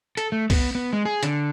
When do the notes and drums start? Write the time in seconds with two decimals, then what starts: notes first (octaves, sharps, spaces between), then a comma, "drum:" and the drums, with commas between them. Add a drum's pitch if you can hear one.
0.17 A4, drum: hi-hat
0.32 A3
0.50 B3, drum: kick C2, open hi-hat
0.75 B3
0.93 G#3
1.05 G#4
1.23 D3, drum: hi-hat